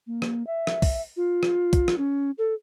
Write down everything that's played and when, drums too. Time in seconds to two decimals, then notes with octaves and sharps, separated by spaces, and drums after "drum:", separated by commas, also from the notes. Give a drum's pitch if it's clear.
0.07 A#3
0.22 drum: rim click
0.47 E5
0.67 drum: rim click
0.82 drum: kick, open hi-hat
1.17 F4
1.43 drum: rim click
1.73 drum: kick, hi-hat
1.88 drum: rim click
1.98 C#4
2.38 A4